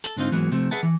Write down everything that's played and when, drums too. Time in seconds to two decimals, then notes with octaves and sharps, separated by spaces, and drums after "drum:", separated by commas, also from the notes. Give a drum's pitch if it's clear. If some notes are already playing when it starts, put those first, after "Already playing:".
0.04 A4, drum: tambourine
0.17 G#2 D3 C4 D#4 F4
0.32 G#2 E3 F#3 A#3 B3
0.52 C3 F3 A3 C4
0.71 G#4 B4 E5 F#5 A5
0.83 E3